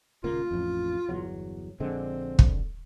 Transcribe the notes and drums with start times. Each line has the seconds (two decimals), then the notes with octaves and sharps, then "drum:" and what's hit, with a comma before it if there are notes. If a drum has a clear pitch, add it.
0.24 D#1 C#2 A#3 F4
0.51 A1 F2
1.09 G1 E2 F#3
1.80 A#1 D3 G#3 C4
2.39 drum: kick